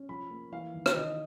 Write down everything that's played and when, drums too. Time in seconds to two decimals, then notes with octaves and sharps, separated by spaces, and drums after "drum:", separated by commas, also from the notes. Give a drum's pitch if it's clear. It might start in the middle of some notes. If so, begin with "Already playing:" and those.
Already playing: C#4
0.09 F3 B5
0.31 A#3
0.52 E3 F5
0.74 D#2
0.86 drum: rim click
0.96 D#3 D#5